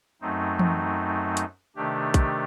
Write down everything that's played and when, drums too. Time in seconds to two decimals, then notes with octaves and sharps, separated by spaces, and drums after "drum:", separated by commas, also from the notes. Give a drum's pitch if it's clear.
0.21 F#2 F#3 A3 C4 D#4
0.59 drum: tom E3
1.37 drum: hi-hat
1.76 C3 D#3 A3 D4 G4
2.14 drum: kick, hi-hat